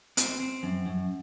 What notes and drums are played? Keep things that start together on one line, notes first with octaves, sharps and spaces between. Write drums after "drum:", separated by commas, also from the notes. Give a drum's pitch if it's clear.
C4, drum: hi-hat
C4
F#2
F#2